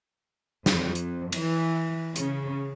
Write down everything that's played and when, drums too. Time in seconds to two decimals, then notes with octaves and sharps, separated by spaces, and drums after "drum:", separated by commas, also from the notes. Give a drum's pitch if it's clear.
0.66 F2, drum: snare
0.95 drum: hi-hat
1.32 E3, drum: cymbal
2.16 C#3, drum: hi-hat